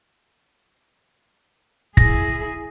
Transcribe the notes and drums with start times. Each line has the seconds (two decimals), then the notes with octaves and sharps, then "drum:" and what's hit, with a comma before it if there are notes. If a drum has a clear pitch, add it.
1.97 E4 G#4 A#6, drum: kick